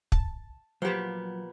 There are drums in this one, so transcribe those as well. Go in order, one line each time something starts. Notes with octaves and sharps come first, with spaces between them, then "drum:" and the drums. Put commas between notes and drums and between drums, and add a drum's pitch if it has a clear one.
A5, drum: kick
A#2 F3 F#3 B3 G4 C5